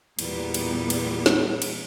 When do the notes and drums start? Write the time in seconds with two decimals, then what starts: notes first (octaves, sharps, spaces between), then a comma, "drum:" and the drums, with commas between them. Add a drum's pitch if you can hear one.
0.19 E2 A#2 G3 B3, drum: cymbal
0.54 drum: cymbal
0.90 drum: cymbal
1.26 drum: snare
1.62 drum: cymbal